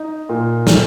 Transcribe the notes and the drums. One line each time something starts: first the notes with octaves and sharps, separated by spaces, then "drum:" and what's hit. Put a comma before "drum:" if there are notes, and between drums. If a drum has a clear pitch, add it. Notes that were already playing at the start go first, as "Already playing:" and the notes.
Already playing: D#4
A#2
A3, drum: snare